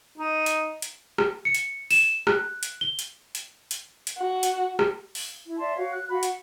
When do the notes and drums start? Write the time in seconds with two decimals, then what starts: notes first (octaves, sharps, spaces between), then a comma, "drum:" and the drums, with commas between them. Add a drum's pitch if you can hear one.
0.18 D#4
0.46 drum: hi-hat
0.82 drum: hi-hat
1.18 drum: rim click
1.45 C#7
1.54 drum: hi-hat
1.91 E7, drum: open hi-hat
2.27 F#6, drum: rim click
2.63 drum: hi-hat
2.81 G7
2.99 drum: hi-hat
3.35 drum: hi-hat
3.71 drum: hi-hat
4.07 drum: hi-hat
4.18 F#4
4.43 drum: hi-hat
4.79 drum: rim click
5.15 drum: open hi-hat
5.46 E4
5.58 D5 E5 A5 C6
5.75 F#4 C#5 F5
5.91 F#6
6.09 F#4 F5 B5
6.23 F#5, drum: hi-hat